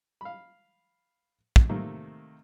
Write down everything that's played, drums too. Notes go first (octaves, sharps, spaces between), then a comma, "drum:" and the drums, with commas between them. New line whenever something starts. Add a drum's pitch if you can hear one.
F5 B5
drum: kick
C3 D#3 A3 A#3